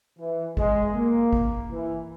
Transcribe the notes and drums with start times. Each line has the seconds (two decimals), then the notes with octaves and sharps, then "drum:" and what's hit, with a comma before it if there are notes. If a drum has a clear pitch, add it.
0.18 E3
0.57 G#3, drum: kick
0.94 A#3
1.33 drum: kick
1.70 E3